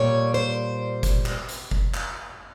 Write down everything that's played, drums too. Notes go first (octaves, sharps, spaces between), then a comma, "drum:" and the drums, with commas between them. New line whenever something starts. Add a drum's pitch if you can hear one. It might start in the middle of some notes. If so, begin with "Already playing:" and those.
Already playing: A#2 G3 C#5
C5
drum: kick F#1, hi-hat
drum: clap
drum: hi-hat
drum: kick F#1
drum: clap